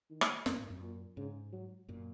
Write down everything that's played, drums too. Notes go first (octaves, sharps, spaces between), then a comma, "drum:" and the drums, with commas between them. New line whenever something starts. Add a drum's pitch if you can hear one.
D#3
drum: rim click
F#2 A#2, drum: snare
G#2
F#2
A#2
G#2 C#3
F#3
F#2 A#2